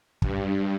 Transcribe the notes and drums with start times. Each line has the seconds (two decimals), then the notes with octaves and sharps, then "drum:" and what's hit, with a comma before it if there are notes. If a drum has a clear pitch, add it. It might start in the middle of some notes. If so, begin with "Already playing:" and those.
0.22 G2, drum: kick